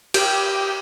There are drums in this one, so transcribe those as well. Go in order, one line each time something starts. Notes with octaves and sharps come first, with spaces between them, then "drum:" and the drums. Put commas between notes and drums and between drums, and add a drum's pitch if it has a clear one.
G4, drum: cymbal